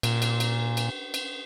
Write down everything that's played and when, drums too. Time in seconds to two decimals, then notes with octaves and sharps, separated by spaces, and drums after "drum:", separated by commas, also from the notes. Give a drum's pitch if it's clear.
0.03 A#2, drum: cymbal
0.22 drum: cymbal
0.40 drum: cymbal
0.77 drum: cymbal
1.14 drum: cymbal